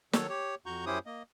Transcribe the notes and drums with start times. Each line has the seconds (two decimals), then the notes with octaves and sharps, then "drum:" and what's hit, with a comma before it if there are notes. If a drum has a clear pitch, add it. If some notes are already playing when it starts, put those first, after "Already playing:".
0.13 D#3 F#3 A4 C#5, drum: snare
0.29 G4 C#5
0.66 F2 F#4 A#5 C#6 G6
0.86 F#2 C#4 E4 G4 C5 D#6
1.06 A#3 D#5